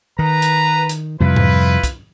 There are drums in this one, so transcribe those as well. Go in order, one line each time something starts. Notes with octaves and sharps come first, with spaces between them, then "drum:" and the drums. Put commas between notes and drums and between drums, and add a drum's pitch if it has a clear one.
D#3 B4 A#5
drum: hi-hat
drum: hi-hat
F2 C3 G3 E4 F4 B4
drum: tom G#2
drum: kick, hi-hat